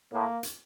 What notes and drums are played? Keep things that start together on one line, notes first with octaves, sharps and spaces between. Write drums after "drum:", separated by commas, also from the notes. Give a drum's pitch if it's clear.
A2 A#3
drum: hi-hat